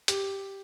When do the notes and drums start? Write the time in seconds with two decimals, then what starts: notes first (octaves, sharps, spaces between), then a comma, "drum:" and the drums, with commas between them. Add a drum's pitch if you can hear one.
0.08 G4, drum: hi-hat